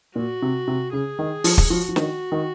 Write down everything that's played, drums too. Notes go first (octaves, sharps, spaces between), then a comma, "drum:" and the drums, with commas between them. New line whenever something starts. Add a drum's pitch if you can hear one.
A#2 F#4
C3
C3
C#3 G#4
D#3
F3, drum: open hi-hat
drum: kick
F3 F#4
F3
D#3, drum: snare
D#3